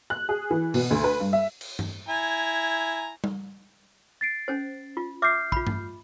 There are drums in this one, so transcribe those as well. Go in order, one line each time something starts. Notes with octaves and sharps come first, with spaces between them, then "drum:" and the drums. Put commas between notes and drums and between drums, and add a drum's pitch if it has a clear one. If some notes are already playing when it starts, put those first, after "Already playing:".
F#6
G#4
E3
B2, drum: open hi-hat
D2
B4
G2
E5
drum: cymbal
drum: tom G2
E4 G#5 A#5
drum: tom G3
A6 C7 D7
C#4 C5
F4
E5 D6 F6 G6 C7
F4 B5, drum: kick
drum: tom G2